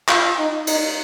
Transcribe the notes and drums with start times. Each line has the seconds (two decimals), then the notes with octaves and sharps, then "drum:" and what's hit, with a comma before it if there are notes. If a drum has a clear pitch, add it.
0.09 F4, drum: clap
0.38 D#4
0.67 D#4, drum: cymbal